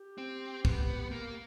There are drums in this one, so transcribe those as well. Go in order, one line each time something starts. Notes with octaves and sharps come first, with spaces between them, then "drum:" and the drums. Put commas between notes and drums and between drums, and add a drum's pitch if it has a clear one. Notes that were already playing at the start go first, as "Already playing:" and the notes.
Already playing: G4
C4
B3, drum: kick
A#3